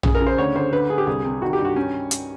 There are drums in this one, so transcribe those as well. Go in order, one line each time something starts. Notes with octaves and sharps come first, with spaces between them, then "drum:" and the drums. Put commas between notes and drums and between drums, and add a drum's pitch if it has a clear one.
C#3 G#4, drum: tom A#1
A#4
C#3
C5
D2 C#5
D2 C5
D3 B4
D3 G#4
G4
C2 G#4
C3
D#3 F#4
G4
G2
F#4
C#4
drum: hi-hat